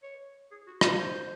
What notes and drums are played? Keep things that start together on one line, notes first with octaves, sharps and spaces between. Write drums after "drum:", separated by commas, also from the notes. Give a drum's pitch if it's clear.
C#5
G#4
F#4
drum: rim click
C5